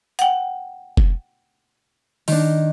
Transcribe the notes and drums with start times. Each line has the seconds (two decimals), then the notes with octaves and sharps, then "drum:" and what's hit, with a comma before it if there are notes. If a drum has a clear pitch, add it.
0.19 F#5 G5, drum: hi-hat
0.97 drum: kick F1
2.28 D#3 D4, drum: open hi-hat